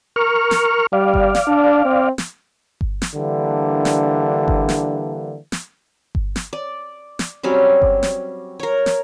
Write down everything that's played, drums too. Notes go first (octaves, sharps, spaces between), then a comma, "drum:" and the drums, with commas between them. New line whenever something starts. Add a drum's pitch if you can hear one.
A#4 C#6 F6
drum: snare
G3 D5 F5
drum: kick G1
drum: snare
D4
C4
drum: snare
drum: kick G1
drum: snare
D3 E3 G3 A#3 D4
drum: snare
drum: kick G1
drum: snare
drum: snare
drum: kick G1
drum: snare
D5
drum: snare
F#3 G3 C4 C#4
drum: kick G1
drum: snare
A#4 C#5
drum: snare